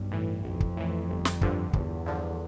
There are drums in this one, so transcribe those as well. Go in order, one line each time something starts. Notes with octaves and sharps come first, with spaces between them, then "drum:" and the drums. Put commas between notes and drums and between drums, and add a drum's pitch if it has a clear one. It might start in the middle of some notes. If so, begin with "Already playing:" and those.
Already playing: B1 G2
A2 E3
B1 F2
drum: kick
A2 E3
G1
drum: snare
G2 D3 F3, drum: kick
G1 E2, drum: kick
G2 D3 F3